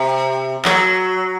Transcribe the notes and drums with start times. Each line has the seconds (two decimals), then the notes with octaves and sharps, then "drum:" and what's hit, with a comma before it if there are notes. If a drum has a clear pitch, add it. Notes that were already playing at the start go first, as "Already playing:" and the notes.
Already playing: C3
0.65 F#3, drum: clap